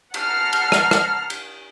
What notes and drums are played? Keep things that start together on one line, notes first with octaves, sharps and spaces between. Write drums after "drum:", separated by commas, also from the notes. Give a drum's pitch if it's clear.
F#5 A5 A#5 F6 C7, drum: cymbal
drum: cymbal
drum: rim click
drum: rim click
drum: cymbal